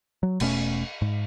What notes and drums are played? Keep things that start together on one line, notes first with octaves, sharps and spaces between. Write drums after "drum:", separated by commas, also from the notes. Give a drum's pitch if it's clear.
F#3
E1 B2 A3 C#4, drum: cymbal
G#2